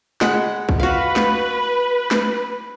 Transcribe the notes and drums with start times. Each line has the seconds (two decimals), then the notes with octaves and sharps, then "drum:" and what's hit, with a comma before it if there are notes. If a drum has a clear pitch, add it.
0.21 G#3 F#5 B5, drum: snare
0.69 drum: kick B1
0.80 F#4 B4 F5
1.16 drum: snare
2.11 drum: snare